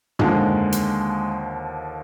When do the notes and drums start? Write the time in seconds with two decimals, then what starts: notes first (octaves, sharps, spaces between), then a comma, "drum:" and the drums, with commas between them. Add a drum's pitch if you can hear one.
0.19 D#2 D3 F3 G#3, drum: tom
0.72 drum: hi-hat